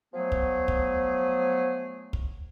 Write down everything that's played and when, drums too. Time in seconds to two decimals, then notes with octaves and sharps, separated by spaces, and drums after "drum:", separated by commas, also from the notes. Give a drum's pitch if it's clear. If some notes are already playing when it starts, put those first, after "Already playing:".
0.14 F3 F#3 A3 B3 G#4
0.32 drum: kick
0.68 drum: kick
2.13 drum: kick